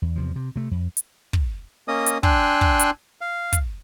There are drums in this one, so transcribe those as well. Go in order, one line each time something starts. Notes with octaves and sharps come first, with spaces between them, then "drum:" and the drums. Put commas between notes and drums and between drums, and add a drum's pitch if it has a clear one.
E2
E2 C3 F3
C3
C3 A3
F2
drum: hi-hat
drum: kick
A#3 C#4 D#5 D#6
drum: hi-hat
D4 G5 G#5 C6 E6 F#6, drum: kick
drum: kick
drum: hi-hat
F5
drum: kick, hi-hat